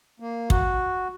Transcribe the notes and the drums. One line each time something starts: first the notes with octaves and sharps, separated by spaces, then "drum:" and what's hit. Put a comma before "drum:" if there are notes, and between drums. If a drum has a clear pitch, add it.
A#3
F#4, drum: kick